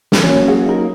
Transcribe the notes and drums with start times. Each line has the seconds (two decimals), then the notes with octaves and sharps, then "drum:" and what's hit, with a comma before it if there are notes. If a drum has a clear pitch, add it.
0.12 drum: snare
0.23 F#3 A#3 C#4
0.47 G#4 F#5
0.67 D#4 A#4